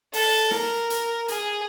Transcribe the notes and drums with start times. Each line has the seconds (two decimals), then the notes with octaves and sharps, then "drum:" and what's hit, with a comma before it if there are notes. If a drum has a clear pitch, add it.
0.13 A4, drum: open hi-hat
0.51 A#4, drum: snare
0.90 drum: hi-hat
1.28 G#4, drum: hi-hat